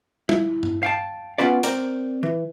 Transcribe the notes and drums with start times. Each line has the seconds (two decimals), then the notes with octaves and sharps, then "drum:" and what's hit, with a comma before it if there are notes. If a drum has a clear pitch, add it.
0.29 E4, drum: tom G3
0.63 drum: tom G2
0.83 F5 G5 A5
1.38 B3 C#4 F4 B4 D5
1.63 C4 A#4 D5 G5, drum: hi-hat
2.23 E3